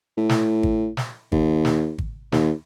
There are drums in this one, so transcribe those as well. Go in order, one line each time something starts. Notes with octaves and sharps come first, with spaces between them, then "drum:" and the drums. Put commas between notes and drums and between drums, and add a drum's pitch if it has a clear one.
A2
drum: snare
drum: kick G#1
drum: snare
D#2, drum: kick G#1
drum: snare
drum: kick G#1
D#2, drum: snare